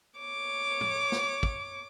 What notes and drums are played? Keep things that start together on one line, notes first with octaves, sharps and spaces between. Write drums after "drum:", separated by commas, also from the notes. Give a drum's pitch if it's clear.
C#5 D6
drum: tom
drum: snare
drum: kick